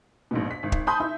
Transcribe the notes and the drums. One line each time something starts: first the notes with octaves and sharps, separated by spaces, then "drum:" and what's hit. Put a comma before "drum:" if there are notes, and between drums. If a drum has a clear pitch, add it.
A#1 G#2 B2
B6
G#1
drum: kick
G#5 A5 B5 C6 D#6 G6
D#4 E4 E5